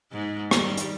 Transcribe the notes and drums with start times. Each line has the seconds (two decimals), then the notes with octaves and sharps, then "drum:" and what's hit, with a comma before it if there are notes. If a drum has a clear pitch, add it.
0.12 G#2 G#3
0.51 D#3 G3, drum: rim click
0.77 drum: hi-hat